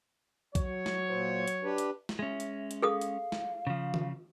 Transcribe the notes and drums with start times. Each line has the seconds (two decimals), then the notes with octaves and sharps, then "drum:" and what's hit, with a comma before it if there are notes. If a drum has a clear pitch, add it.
0.55 F#3 C#5, drum: kick B1, hi-hat
0.86 drum: snare
1.09 A#2 C5
1.48 drum: hi-hat
1.63 D4 G4 B4
1.78 drum: hi-hat
2.09 drum: snare
2.19 G#3 C#4 E5
2.40 drum: hi-hat
2.71 drum: hi-hat
2.82 G#4 A4 F5 D#6
3.01 drum: hi-hat
3.32 drum: snare
3.67 C#3 F3
3.94 drum: tom D#3